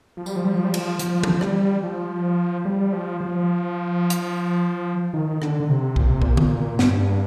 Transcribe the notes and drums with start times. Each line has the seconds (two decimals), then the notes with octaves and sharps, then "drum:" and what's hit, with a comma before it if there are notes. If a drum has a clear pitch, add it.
0.17 F3
0.26 G3, drum: tambourine
0.36 F3
0.45 G3
0.55 F3
0.65 G3
0.74 F3, drum: cymbal
0.99 F3, drum: hi-hat
1.24 drum: tom E3
1.33 F3
1.41 G3, drum: rim click
1.83 F3
2.65 G3
2.93 F3
3.21 F3
4.10 drum: hi-hat
5.14 D#3
5.42 D3, drum: rim click
5.60 D3
5.69 C3
5.96 A#2, drum: kick
6.09 C3
6.22 A#2, drum: kick
6.37 A#2, drum: tom D3
6.79 G2, drum: snare